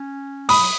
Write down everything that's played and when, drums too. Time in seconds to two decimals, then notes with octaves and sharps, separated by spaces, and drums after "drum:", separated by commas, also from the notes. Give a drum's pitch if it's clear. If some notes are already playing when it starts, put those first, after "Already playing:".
Already playing: C#4
0.49 G#3 B5 D#6, drum: open hi-hat
0.59 F#3